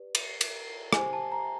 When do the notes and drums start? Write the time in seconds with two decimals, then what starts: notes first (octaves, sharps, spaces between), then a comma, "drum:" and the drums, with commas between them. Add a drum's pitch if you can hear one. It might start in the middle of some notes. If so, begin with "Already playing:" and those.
Already playing: G4 B4 D5
0.15 drum: cymbal
0.41 drum: cymbal
0.93 G4 C5 G#5, drum: rim click
1.13 A5
1.32 A#5